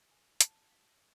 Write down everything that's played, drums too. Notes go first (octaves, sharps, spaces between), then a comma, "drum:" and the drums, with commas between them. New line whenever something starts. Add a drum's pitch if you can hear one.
G#5
A5, drum: hi-hat
F5